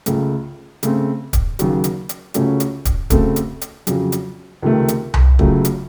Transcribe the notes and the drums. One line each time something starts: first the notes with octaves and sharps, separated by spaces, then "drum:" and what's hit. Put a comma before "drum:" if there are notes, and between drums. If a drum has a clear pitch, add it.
C#2 C#3 A3, drum: hi-hat
C#3 A3 C4, drum: hi-hat
drum: kick, hi-hat
D#2 C#3 F#3, drum: hi-hat
drum: hi-hat
drum: hi-hat
C#2 C#3 A3 C#4 F#4, drum: hi-hat
drum: hi-hat
drum: kick, hi-hat
C#3 A3 C4 F#4 A4, drum: kick, hi-hat
drum: hi-hat
drum: hi-hat
F2 C#3 F#3, drum: hi-hat
drum: hi-hat
C#2 C3 D#3 A3
drum: hi-hat
drum: tom C2
C#2 C#3 F#3 A3, drum: kick
drum: hi-hat